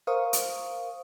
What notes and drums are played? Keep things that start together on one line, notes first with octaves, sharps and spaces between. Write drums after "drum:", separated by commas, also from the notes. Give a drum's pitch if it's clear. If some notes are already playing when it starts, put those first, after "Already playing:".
A#4 C5 F5 C#6 D#6
drum: hi-hat